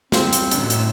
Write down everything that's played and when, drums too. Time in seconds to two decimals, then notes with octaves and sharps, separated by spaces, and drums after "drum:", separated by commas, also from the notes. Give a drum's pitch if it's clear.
0.12 D2 F#3 G3 C4 G#4 C5 F5, drum: snare
0.33 drum: hi-hat
0.51 A1 F#2 A2 D3 E6, drum: hi-hat
0.70 drum: hi-hat